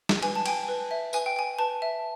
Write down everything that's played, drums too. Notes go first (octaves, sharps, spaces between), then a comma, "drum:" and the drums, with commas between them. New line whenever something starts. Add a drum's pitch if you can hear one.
drum: snare
B4 G#5, drum: cymbal
A5
G5 G#5, drum: cymbal
B4
E5
B4 G#5, drum: tambourine
G5
G5 G#5
B4 A5
E5